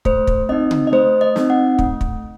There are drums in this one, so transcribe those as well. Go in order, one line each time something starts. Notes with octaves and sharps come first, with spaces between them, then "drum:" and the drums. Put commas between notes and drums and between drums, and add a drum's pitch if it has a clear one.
A3 C5, drum: kick
drum: kick
C4 D#4 D#5
drum: tom C#3
D#5
A3 C5
D#5
C4 D#4, drum: snare
F#5
A3, drum: kick
drum: kick